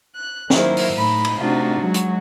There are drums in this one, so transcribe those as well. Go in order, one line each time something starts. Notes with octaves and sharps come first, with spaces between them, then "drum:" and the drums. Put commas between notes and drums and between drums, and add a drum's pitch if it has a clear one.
F#6
D#3 F#3 A#3 E4 C5, drum: snare
drum: open hi-hat
A2 D#4 B5
drum: cymbal
C3 A3 D4 D#4 F4 F#4
F#3 G#3 F#4
drum: hi-hat